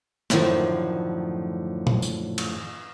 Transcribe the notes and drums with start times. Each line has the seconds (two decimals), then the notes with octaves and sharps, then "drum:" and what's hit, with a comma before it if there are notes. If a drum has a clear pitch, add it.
0.30 F#2 A2 D3 D#3 F3, drum: snare
1.87 drum: tom A#2
2.02 drum: tambourine
2.38 drum: cymbal